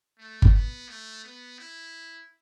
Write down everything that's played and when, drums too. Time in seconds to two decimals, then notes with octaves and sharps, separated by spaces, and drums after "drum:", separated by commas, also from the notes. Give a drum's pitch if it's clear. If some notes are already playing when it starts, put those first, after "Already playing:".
0.19 A3
0.42 drum: kick G1
0.54 B3
0.89 A3
1.24 B3
1.59 E4